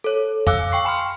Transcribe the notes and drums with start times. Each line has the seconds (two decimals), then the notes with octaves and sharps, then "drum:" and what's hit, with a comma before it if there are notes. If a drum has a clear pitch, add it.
0.04 A4 C#5
0.47 F5 G#5 D6 E6 F#6, drum: tom F2
0.72 G5 C#6 C7
0.85 G#5 B5 C6 F6